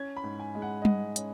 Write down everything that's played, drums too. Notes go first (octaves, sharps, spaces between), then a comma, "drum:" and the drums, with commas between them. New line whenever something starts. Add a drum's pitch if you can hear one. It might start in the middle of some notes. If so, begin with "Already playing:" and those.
Already playing: C#4 G#6
B5
G#2
G#5
G#3
F#5
D#5
G#2 F#5, drum: tom G3
C#4, drum: hi-hat